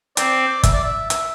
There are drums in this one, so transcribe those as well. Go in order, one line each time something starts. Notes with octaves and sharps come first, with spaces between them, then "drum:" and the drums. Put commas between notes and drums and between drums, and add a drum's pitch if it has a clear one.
C4 D5, drum: hi-hat
E5, drum: kick, hi-hat
D5
E5
E5, drum: hi-hat